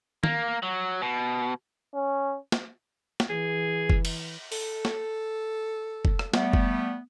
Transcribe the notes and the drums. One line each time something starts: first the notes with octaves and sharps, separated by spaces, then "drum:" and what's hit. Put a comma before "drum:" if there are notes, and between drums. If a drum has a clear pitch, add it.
A#3, drum: tom
F#3
B2
C#4
drum: snare
drum: snare
E3 G#4
drum: kick
drum: cymbal
A4, drum: open hi-hat
drum: snare
drum: kick
drum: rim click
G3 A3 B3, drum: snare
drum: kick